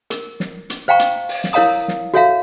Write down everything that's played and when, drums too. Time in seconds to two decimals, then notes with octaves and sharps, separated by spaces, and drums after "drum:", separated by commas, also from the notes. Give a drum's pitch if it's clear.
0.10 A#4, drum: hi-hat
0.40 drum: snare
0.70 drum: hi-hat
0.88 C5 F5 G5 A#5 C#6
0.99 drum: hi-hat
1.29 drum: open hi-hat
1.44 drum: snare
1.53 E4 A#4 C#5 F5 A#5 D#6
1.88 drum: snare
2.14 F#4 A4 C#5 E5 F5 A#5